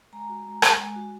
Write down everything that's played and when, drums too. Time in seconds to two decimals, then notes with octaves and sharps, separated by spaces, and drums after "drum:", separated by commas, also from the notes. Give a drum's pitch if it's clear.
0.13 G#3 A#5
0.29 F#4
0.46 G#3
0.62 G#3, drum: rim click
0.80 G#3
0.96 F#4